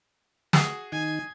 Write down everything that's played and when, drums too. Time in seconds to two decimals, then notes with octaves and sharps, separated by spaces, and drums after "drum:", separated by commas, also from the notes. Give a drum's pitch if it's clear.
0.53 F#4 G#4, drum: snare
0.92 D#3 D#4 G#5